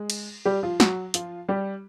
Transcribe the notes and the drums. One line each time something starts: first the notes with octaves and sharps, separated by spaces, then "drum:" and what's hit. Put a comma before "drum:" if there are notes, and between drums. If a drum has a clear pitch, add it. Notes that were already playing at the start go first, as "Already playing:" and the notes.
Already playing: G#3
drum: cymbal
G3 G4
F3 F4
F#3 F#4, drum: snare
F3 F4, drum: hi-hat
G3 G4